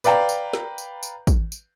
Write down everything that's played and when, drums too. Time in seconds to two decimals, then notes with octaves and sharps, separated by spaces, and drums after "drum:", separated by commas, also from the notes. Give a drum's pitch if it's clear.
0.04 B4 D5 F5 G5 A#5, drum: tambourine
0.29 drum: tambourine
0.53 drum: snare
0.78 drum: tambourine
1.03 drum: tambourine
1.27 drum: kick, tambourine
1.52 drum: tambourine